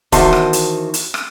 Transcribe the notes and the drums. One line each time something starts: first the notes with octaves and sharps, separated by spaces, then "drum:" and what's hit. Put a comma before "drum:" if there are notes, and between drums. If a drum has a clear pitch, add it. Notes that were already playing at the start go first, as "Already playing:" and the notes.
E2 D#3 F#4 C5 A5, drum: kick, hi-hat
drum: rim click
drum: hi-hat
drum: hi-hat
drum: rim click